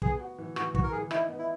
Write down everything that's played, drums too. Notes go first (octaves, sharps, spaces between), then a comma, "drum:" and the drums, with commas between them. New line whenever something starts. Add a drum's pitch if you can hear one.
B3 G#4, drum: kick
F#4
E3
E3 F#4, drum: rim click
E3 F#4, drum: kick
A#4
E3 G#4
D#4 E4, drum: rim click
B3
E4